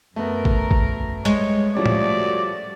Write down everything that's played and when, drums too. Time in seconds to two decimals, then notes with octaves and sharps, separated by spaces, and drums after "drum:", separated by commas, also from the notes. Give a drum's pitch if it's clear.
0.16 F#2 A3 B3 A#4
0.45 drum: kick G#1
0.71 drum: kick G#1
1.25 G3 G#3 C#5, drum: hi-hat
1.75 F3 G3 A3 C#4 F#4 D5
1.86 drum: tom